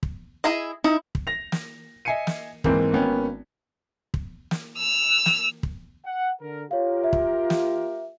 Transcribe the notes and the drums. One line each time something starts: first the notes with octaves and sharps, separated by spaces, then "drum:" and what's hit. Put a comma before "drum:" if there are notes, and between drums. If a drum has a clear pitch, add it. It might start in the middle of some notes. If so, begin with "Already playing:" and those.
drum: kick
E4 G#4 D#5
D#4 E4
drum: kick
A#6 F7
drum: snare
D#5 E5 G#5 C7 C#7 D#7
drum: snare
G#2 E3 A#3 C4 A#4, drum: kick
G#1 A#3 B3 C#4 G5
drum: kick
drum: snare
E6 F7
drum: snare
drum: kick
F#5
D3 A#4
F4 G4 A#4 C#5 F5
E5
drum: kick
drum: snare